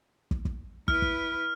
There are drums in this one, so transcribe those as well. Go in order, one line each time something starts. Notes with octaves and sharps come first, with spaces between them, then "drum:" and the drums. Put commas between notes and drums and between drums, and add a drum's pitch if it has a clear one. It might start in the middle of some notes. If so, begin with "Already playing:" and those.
drum: kick
drum: kick
E4 B4 F6, drum: kick
drum: kick